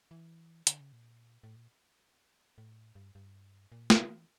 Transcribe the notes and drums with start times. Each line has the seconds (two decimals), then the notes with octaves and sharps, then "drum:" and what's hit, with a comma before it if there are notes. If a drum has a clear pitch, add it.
0.11 E3
0.67 D3, drum: hi-hat
0.80 C#3
0.93 A#2
1.43 A2
1.56 A#2
2.58 A2
2.95 G2
3.15 G2
3.72 A#2
3.90 C#3, drum: snare
4.09 E3